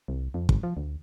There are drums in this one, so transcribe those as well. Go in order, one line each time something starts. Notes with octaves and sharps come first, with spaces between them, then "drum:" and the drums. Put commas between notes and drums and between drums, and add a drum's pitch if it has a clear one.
C2
F2
G#1, drum: kick
F3
D2